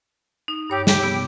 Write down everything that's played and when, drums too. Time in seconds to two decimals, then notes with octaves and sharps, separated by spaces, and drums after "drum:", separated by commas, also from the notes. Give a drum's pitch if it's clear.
0.48 D#4
0.70 G2 G4 C#5 E6
0.87 G4, drum: snare
1.03 C3 B3 B5